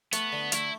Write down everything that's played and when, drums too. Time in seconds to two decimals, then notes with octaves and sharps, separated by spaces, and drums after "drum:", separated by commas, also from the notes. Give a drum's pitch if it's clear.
0.13 A3 B3, drum: hi-hat
0.32 D3
0.52 A3 E4, drum: hi-hat